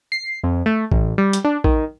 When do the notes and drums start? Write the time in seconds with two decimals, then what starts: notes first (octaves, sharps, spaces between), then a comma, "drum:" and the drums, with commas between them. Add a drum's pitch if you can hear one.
0.12 C7
0.44 F2
0.66 A3
0.92 A1, drum: kick A#1
1.18 G3
1.33 drum: hi-hat
1.45 D4
1.64 D#3, drum: kick A#1